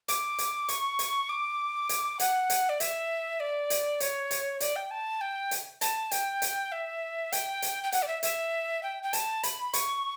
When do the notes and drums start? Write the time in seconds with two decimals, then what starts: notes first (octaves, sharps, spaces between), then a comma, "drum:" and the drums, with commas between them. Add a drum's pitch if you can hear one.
0.08 D6, drum: hi-hat
0.39 drum: hi-hat
0.69 C#6, drum: hi-hat
0.99 drum: hi-hat
1.29 D6
1.89 drum: hi-hat
2.20 F#5, drum: hi-hat
2.50 drum: hi-hat
2.69 D5
2.80 E5, drum: hi-hat
3.40 D5
3.70 drum: hi-hat
4.00 C#5, drum: hi-hat
4.31 drum: hi-hat
4.60 D5, drum: hi-hat
4.76 G5
4.91 A5
5.21 G5
5.51 drum: hi-hat
5.81 A5, drum: hi-hat
6.11 G5, drum: hi-hat
6.42 drum: hi-hat
6.72 E5
7.32 G5, drum: hi-hat
7.62 drum: hi-hat
7.84 G5
7.92 F#5, drum: hi-hat
8.02 D5
8.08 E5
8.23 E5, drum: hi-hat
8.83 G5
9.03 G5
9.13 A5, drum: hi-hat
9.43 B5, drum: hi-hat
9.74 C#6, drum: hi-hat